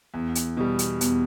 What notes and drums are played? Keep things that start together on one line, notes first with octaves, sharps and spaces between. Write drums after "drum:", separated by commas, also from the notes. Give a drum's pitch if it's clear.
E2
drum: hi-hat
B2 G3
drum: hi-hat
E2, drum: hi-hat